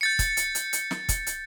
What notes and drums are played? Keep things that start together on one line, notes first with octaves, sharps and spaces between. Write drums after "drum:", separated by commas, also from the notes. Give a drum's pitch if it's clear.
G6 A6 C#7
drum: kick, hi-hat
drum: hi-hat
drum: hi-hat
drum: hi-hat
drum: snare
drum: kick, hi-hat
drum: hi-hat